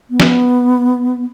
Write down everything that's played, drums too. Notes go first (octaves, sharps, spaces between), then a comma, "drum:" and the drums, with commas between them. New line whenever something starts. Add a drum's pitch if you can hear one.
B3
drum: snare